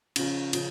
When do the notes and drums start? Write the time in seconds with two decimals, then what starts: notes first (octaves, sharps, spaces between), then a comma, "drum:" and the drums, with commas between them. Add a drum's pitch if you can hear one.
0.16 C#3 F3 C#4 F4, drum: cymbal
0.53 C#3 F3 C#4, drum: cymbal